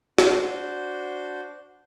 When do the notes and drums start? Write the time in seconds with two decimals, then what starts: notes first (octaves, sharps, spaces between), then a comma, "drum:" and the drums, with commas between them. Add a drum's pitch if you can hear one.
0.18 D4 F#4 C5, drum: snare